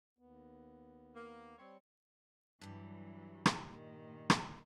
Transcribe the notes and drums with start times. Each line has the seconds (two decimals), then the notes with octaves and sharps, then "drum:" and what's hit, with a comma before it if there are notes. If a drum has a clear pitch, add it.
0.19 D#2 B3
1.15 A#3
1.58 G3 C4 C#5
2.61 G2 E3 F#3 G3
3.46 drum: rim click
3.68 A#2 D#3
4.30 drum: rim click